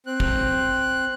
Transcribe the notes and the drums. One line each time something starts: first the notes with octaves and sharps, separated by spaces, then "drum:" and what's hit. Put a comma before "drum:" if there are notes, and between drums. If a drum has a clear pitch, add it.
C4 F#6
drum: kick